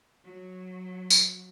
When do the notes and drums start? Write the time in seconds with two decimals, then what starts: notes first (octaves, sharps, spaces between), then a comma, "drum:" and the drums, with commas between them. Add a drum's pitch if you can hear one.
0.23 F#3
1.10 drum: tambourine